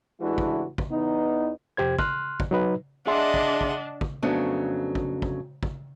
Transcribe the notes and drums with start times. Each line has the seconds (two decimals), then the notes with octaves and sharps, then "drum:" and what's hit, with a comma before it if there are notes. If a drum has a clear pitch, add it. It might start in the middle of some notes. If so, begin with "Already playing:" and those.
0.20 A1 E3 G#3 D4 E4 F#4
0.38 drum: kick
0.78 drum: kick
0.91 E2 E3 B3 D#4
1.77 F2 C3 G4 C5 G#6
1.99 C6 F6 F#6, drum: kick
2.40 drum: kick
2.51 F#3 D#4 B4
3.07 D4 G#4 D#5 E5 F#5 C6
3.34 drum: kick
3.61 drum: kick
4.01 drum: kick
4.22 F2 C#3 F#3 A3 B3 D4
4.95 drum: kick
5.22 drum: kick
5.63 drum: kick